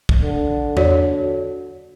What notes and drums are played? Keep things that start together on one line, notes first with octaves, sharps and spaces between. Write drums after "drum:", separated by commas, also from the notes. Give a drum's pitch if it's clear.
drum: kick
D3
F#4 C#5 D5, drum: tom E2